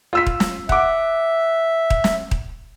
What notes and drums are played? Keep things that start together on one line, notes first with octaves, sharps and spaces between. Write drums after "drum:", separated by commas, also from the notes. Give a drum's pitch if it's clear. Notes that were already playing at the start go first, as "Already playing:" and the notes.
F4 E6 B6
drum: kick D#1
drum: snare
E5 F#5 D6, drum: kick D#1
drum: kick D#1
drum: snare
drum: kick D#1